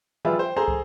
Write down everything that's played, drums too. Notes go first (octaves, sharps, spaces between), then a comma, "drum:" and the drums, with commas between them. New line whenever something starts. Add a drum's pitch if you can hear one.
F3 G3 F4 G#4 B4 E5
C5 G5
G#4 A4 C5 A#5 C6
drum: kick